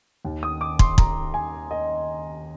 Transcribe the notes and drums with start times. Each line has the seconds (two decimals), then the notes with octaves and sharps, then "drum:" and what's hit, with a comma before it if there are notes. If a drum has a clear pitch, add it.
0.25 D#2 D#3
0.43 D#6
0.61 D6
0.79 C6, drum: kick
0.98 A#5, drum: kick
1.34 G#5
1.71 D#5